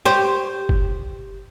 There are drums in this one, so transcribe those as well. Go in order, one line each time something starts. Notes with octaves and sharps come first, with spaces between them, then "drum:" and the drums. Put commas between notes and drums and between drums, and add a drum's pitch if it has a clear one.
G4 C5
drum: kick